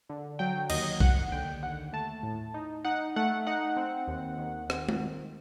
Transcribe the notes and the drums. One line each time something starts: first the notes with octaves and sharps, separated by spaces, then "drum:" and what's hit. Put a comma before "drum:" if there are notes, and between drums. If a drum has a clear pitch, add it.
D3
F#3 G5
D#2 D#5, drum: cymbal
D#2 F#5, drum: kick B1
D3 G5
D#2 F#5
A3 A5
A2
D#4
D#4 F#5
A3 F#5
D#4 F#5
C4
D#2
D#3
C4, drum: rim click
drum: tom G#3
D#3